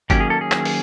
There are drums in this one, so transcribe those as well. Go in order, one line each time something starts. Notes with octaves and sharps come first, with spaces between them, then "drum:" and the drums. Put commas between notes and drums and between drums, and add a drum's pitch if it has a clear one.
D#3 F#3 A#3 C#4 G4, drum: kick G1, hi-hat
G#4
A4
G#4
drum: clap
drum: open hi-hat